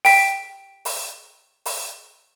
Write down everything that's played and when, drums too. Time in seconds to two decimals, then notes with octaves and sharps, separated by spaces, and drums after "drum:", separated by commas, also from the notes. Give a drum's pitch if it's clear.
0.05 G5 B6, drum: open hi-hat
0.85 drum: open hi-hat
1.66 drum: open hi-hat